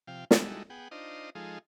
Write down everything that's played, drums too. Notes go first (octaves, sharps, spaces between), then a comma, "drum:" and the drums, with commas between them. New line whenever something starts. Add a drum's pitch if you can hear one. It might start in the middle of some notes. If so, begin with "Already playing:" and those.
C3 F3 F5 G5
G3 G#3 D#4 E4 F#4 A4, drum: snare
B3 G#4 F#5 G5
D4 D#4 F4 C5 D#5
F3 G#3 D#4 F4 G#4 A4